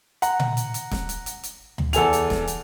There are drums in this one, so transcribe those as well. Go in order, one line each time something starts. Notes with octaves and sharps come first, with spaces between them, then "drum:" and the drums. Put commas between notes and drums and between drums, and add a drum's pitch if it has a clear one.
F#5 A#5, drum: hi-hat
drum: tom A#2
drum: hi-hat
drum: hi-hat
drum: snare
drum: hi-hat
drum: hi-hat
drum: hi-hat
drum: tom D2
E2 A4 G#5 F7, drum: hi-hat
drum: hi-hat
drum: snare
drum: hi-hat